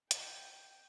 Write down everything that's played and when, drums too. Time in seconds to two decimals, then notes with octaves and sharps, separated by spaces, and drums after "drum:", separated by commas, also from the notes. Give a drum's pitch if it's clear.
0.11 G5, drum: hi-hat